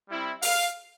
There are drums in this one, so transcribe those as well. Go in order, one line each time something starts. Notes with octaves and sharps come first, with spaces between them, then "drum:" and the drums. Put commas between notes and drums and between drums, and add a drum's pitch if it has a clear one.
G3 C4 E4
F5, drum: open hi-hat